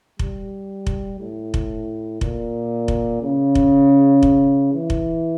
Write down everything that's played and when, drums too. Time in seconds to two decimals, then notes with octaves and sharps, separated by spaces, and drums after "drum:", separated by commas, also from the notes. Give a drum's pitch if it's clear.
0.19 G3, drum: kick F1
0.87 drum: kick F1
1.20 A2
1.54 drum: kick F1
2.21 A#2, drum: kick F1
2.88 drum: kick F1
3.22 C#3
3.55 drum: kick F1
4.23 drum: kick F1
4.73 E3
4.90 drum: kick F1